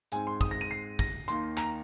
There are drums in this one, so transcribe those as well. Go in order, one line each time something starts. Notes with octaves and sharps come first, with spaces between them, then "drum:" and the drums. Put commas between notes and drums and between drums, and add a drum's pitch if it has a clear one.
G#2 G#3 C4 G#5, drum: hi-hat
C6
D#6, drum: kick
A#6
D#7
C7
A#6, drum: kick
D#2 D#3 A#3 C6, drum: hi-hat
A#5, drum: clap